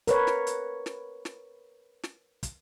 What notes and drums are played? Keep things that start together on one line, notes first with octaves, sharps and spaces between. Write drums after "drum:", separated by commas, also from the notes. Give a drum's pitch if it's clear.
A#4 B4 C#5, drum: kick, hi-hat
drum: snare
drum: hi-hat
drum: snare
drum: snare
drum: snare
drum: kick, hi-hat